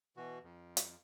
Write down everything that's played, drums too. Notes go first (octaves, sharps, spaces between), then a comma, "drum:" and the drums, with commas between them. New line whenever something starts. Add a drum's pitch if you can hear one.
B2 E3 F#4
F2
drum: hi-hat